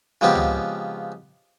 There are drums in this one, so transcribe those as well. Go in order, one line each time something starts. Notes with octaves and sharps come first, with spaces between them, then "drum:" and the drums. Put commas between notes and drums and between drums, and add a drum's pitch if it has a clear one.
C#3 F3 G#3 B3 C4 G4
drum: tom C#2